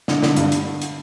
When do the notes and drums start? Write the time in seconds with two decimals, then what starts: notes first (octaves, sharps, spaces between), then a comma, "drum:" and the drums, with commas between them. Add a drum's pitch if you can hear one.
0.08 D3, drum: snare
0.23 D3, drum: snare
0.37 G2, drum: hi-hat
0.52 drum: hi-hat
0.82 drum: hi-hat